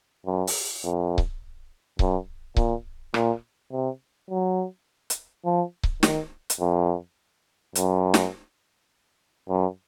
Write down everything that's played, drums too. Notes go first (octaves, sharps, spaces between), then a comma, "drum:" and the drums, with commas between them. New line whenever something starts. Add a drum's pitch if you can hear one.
F#2
drum: open hi-hat
F2
drum: kick C#1
F#2, drum: kick C#1
A#2, drum: kick C#1
A#2, drum: rim click
C3
F#3
drum: hi-hat
F3
drum: kick C#1
D#3, drum: snare
drum: hi-hat
F2
F#2, drum: hi-hat
drum: snare
F#2